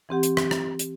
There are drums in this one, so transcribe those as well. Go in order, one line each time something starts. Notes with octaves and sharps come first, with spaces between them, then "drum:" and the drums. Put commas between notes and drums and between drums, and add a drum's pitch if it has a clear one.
E3 C4 G4 F#5
drum: hi-hat
drum: rim click
drum: rim click
drum: hi-hat